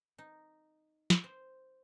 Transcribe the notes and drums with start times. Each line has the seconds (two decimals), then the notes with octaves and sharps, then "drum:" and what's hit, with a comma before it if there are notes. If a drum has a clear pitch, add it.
0.18 D#4
1.10 drum: snare
1.24 C5